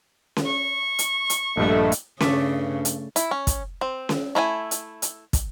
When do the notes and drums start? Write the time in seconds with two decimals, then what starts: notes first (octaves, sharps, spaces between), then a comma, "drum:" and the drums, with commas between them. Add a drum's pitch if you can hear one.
0.37 drum: snare C#4
0.46 C#6
0.99 drum: hi-hat
1.30 drum: hi-hat
1.57 A#1 G2 A3 D#5
1.92 drum: hi-hat
2.20 G2 C#3 A3 D5, drum: snare C#4
2.85 drum: hi-hat
3.16 E4, drum: hi-hat
3.31 C#4
3.47 drum: kick, hi-hat
3.81 C4
4.09 drum: snare C#4
4.35 A3 E4 F4 G#5
4.71 drum: hi-hat
5.02 drum: hi-hat
5.33 drum: kick, hi-hat